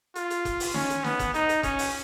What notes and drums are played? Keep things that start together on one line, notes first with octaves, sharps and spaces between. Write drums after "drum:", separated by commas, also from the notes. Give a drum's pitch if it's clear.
F4, drum: hi-hat
drum: hi-hat
drum: kick F1, hi-hat
drum: open hi-hat
C#4, drum: snare
drum: hi-hat
B3, drum: snare
drum: kick F1, hi-hat
D#4, drum: hi-hat
drum: hi-hat
C#4, drum: kick F1, hi-hat
drum: open hi-hat